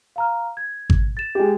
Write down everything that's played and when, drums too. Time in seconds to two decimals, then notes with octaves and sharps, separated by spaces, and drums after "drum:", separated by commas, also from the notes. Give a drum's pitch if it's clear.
0.16 F5 A#5 F6
0.57 G#6
0.90 drum: kick G#1
1.17 A6 E7
1.35 G#3 G4